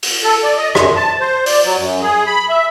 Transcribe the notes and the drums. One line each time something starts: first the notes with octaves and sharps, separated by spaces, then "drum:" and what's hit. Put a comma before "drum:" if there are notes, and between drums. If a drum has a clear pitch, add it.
drum: open hi-hat
A4
D5
D#5
F#2, drum: rim click
A5
C5
D5, drum: open hi-hat
F#3
F#2
G#4
B5
E5